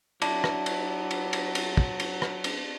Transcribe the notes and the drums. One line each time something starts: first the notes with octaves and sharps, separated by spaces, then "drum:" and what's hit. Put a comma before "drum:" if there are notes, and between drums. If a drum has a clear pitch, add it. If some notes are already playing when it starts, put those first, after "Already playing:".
F#3 D4 E4 A5, drum: cymbal
drum: rim click
drum: cymbal
drum: cymbal
drum: cymbal
drum: cymbal
drum: kick
drum: cymbal
drum: rim click
drum: cymbal